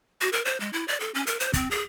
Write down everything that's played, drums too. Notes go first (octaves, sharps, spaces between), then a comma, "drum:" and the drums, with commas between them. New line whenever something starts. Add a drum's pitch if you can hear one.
F#4
A#4
C5
G#3
E4
D5
A4
C#4
A#4, drum: hi-hat
C5, drum: hi-hat
C4, drum: kick, hi-hat
G#4